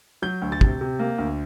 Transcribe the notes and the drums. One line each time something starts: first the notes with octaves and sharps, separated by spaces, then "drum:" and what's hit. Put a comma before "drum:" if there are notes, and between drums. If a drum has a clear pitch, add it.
F#3 G6
D2
A6
C3, drum: kick
C3
A#3
D2